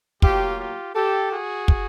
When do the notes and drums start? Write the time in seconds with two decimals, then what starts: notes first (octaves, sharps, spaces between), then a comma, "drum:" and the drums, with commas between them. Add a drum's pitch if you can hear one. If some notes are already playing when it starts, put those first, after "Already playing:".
0.22 A2 F#3 A#3 F4 G4, drum: kick
0.59 F4 G4
0.95 G4 A4
1.32 F#4 G#4
1.68 drum: kick